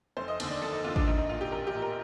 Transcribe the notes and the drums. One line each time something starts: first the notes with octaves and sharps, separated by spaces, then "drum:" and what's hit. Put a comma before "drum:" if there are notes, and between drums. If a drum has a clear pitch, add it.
F1 C5
D#5
D#2 D3, drum: cymbal
D5
F1 A4
D#4
D#2 D3 F4
D4, drum: kick G#1
A#1 D#4
D#4
A#2 F4
G4
A#1 A#4
G4
A#2
A#4